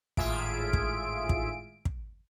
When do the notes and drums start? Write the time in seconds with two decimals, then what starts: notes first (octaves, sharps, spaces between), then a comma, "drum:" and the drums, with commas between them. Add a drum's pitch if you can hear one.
0.17 G#1 A2 F4 G#4 E5 D7, drum: kick
0.73 drum: kick
1.29 drum: kick
1.85 drum: kick